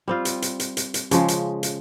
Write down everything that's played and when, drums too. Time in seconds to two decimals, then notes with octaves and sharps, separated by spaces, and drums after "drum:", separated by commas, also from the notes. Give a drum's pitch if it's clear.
0.08 G3 C4 F4
0.25 drum: hi-hat
0.42 drum: hi-hat
0.60 drum: hi-hat
0.77 drum: hi-hat
0.94 drum: hi-hat
1.11 C#3 F3 G#3, drum: hi-hat
1.28 drum: hi-hat
1.63 drum: hi-hat